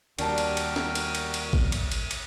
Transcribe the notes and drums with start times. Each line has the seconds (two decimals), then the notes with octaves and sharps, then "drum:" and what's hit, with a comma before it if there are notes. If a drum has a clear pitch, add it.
0.19 D#2 G3 D4 F#4 A#4 G5, drum: cymbal
0.38 drum: cymbal
0.57 drum: cymbal
0.76 drum: snare
0.95 drum: cymbal
1.15 drum: cymbal
1.34 drum: cymbal
1.53 drum: kick G#1
1.72 drum: cymbal
1.92 drum: cymbal
2.11 drum: cymbal